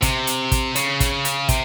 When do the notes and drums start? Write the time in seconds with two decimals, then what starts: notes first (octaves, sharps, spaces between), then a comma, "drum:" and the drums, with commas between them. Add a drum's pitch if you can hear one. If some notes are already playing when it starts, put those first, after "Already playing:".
0.02 C3, drum: kick, hi-hat
0.27 drum: hi-hat
0.52 drum: kick, hi-hat
0.75 C#3, drum: hi-hat
1.00 drum: kick, hi-hat
1.25 drum: hi-hat
1.49 C3, drum: kick, hi-hat